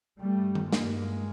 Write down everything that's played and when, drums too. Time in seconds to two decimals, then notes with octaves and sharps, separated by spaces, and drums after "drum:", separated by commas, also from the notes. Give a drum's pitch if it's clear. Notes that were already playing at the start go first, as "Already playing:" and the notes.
0.21 G2 G3 A3
0.55 drum: tom D#3
0.72 G2 G#3 A#3, drum: snare